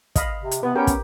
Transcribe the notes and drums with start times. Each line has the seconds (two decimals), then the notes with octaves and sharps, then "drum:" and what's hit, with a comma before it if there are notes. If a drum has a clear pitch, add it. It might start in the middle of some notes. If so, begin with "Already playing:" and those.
0.16 D#5 F5 B5, drum: kick, hi-hat
0.41 C3
0.51 drum: hi-hat
0.63 C3 B3 B4
0.75 B3 C#4 G4 A#4 C#5 G5
0.87 drum: kick, hi-hat